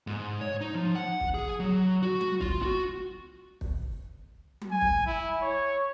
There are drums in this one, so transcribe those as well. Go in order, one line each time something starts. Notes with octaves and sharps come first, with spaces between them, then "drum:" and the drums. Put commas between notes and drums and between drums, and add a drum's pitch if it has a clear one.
G#2
C#5
D#4
F3
F#5
drum: kick
G#4
F#3
F#4
drum: tom F#3
F4, drum: kick
F#4
drum: kick
drum: tom F#3
G#5
drum: kick
E4
C#5